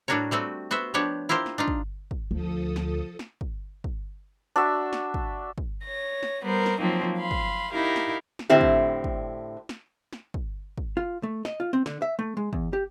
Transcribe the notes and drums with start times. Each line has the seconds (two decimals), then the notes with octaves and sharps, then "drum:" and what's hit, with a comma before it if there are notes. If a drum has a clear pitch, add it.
0.08 A2 G3 D4 F#4 A#4 C#5
0.31 G3 A3 C4 F#4
0.71 B3 F#4 C5 E5
0.94 F3 B3 D4 G4 C#5
1.29 E4 F4 G4 A#4 C5
1.46 drum: snare
1.58 D4 D#4 F4
1.68 drum: kick
2.11 drum: kick
2.31 D2 F3 A4 D#6
2.76 drum: snare
3.19 drum: snare
3.41 drum: kick
3.84 drum: kick
4.56 D4 F#4 E5
4.93 drum: snare
5.14 drum: kick
5.58 drum: kick
5.83 C#5 A#6
6.23 drum: snare
6.42 G3 B3 A#4 C5
6.66 drum: snare
6.80 F3 F#3 A#3 C4 D#4
7.18 F5 B5 C6
7.31 drum: kick
7.71 D#4 E4 G4 A#4 F5
7.96 drum: snare
8.39 drum: snare
8.49 A2 D3 C4 E4 G4
8.61 drum: kick
9.04 drum: kick
9.69 drum: snare
10.13 drum: snare
10.34 drum: kick
10.78 drum: kick
10.97 F4
11.23 A3
11.45 D#5, drum: snare
11.60 F4
11.73 C4
11.86 D3, drum: snare
12.02 E5
12.19 A3
12.37 G#3
12.53 E2, drum: kick
12.73 G4